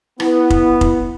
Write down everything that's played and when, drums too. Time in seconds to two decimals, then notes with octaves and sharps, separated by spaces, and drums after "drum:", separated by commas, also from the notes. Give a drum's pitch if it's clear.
0.20 B3 E4, drum: rim click
0.50 drum: kick F1
0.81 drum: kick F1